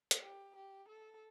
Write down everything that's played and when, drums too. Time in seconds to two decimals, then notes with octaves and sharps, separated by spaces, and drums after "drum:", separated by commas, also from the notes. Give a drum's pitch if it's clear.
0.11 drum: hi-hat
0.22 G4
0.56 G4
0.89 A4